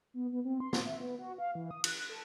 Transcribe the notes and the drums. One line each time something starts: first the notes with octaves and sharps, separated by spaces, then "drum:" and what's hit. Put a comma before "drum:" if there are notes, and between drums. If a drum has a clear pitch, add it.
B3
B3
C4
C6
drum: snare
E5
B3
F#4
F5
E3
D#6
F#6, drum: cymbal
A4